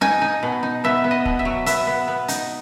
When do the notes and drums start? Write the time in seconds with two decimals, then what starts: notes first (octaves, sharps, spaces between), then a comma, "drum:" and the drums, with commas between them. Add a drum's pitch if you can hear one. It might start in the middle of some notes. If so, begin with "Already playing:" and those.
0.01 D#4 G#5
0.22 D#4
0.43 B2
0.63 D#4
0.84 B3 E5
1.04 B3
1.11 D#5
1.25 B2, drum: kick
1.39 E5
1.45 F#3
1.66 B3 E5, drum: hi-hat
1.87 B3
2.08 B3
2.28 D#4, drum: hi-hat